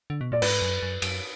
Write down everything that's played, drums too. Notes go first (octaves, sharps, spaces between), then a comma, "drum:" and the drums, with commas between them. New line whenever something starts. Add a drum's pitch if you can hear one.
D3
B2
A#2 D5
G#2 B4, drum: cymbal
F#2
F#2
F#2, drum: cymbal